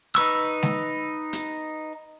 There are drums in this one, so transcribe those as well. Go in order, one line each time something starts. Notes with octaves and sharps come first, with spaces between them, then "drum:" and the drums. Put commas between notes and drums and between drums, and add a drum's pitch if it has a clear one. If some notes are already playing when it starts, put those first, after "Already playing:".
D#4 B4 C#6 E6
drum: snare G#3
drum: hi-hat